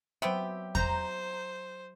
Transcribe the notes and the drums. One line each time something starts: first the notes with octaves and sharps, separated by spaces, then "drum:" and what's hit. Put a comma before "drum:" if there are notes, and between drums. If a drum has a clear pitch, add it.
F#3 B3 C4 G4 E5
C5 A#5 G6, drum: kick E2